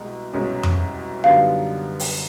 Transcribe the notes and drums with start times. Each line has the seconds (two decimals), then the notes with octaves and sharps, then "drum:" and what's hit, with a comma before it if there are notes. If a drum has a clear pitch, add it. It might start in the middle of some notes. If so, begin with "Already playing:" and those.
Already playing: C2 B2 G#3
0.33 C2 B2 G#3 C#4
0.63 drum: tom F2
1.23 F#2 D3 G3 B3 D#4 F5
1.99 drum: open hi-hat